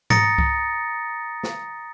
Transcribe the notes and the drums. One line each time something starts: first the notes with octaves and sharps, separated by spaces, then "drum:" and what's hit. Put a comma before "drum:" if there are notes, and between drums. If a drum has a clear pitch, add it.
A#5 D#6 A6 A#6 C#7 D7, drum: tom G#2
drum: kick C2
drum: snare